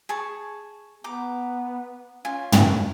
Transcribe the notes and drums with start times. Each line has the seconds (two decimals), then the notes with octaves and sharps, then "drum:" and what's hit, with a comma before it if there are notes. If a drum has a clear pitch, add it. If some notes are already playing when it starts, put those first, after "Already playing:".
0.09 G#4 A5 C#6
1.04 B3 A#5 D6
2.25 C#4 F4 G#5
2.52 drum: tom